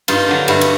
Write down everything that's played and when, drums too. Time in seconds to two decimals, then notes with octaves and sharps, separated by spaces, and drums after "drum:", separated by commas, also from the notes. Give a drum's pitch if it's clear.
0.08 G2 D#4 F4, drum: cymbal
0.28 D3 F#3
0.48 G2 E4 F#4, drum: cymbal
0.61 drum: cymbal